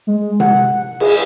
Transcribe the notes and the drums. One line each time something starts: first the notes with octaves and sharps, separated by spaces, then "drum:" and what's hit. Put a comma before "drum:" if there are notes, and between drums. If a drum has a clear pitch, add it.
G#3
F#5, drum: tom C3
G#4, drum: cymbal